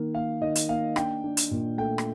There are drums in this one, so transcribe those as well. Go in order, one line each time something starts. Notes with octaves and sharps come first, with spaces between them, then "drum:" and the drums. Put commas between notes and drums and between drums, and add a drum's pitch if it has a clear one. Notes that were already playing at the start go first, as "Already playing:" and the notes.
Already playing: D#3 A#3
A#3 F5
D#3 D#5
drum: hi-hat
A#3 F5
D4 G5, drum: rim click
D4
drum: hi-hat
A#2
A3 G5
drum: rim click